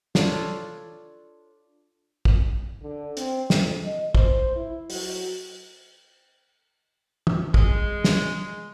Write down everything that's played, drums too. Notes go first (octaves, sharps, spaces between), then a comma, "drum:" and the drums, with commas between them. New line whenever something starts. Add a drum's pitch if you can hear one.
D4 F4 A4 C#5, drum: snare
drum: kick
D3
C4, drum: hi-hat
F2, drum: snare
D#5
C5, drum: kick
E4
F#3, drum: open hi-hat
drum: tom
G#3, drum: kick
drum: snare